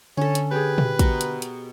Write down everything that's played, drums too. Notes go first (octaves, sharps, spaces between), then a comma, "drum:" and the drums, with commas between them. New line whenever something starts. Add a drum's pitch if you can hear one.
D3 C#4 A4 C#5
drum: hi-hat
G4 G#4 B4
drum: tom A#2
B2 A#4, drum: kick, hi-hat
drum: hi-hat
drum: hi-hat